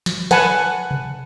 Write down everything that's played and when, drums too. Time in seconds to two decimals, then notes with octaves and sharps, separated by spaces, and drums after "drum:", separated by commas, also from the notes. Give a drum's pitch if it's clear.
0.06 drum: snare
0.31 B4 F#5 G#5 A5, drum: snare
0.91 drum: tom C3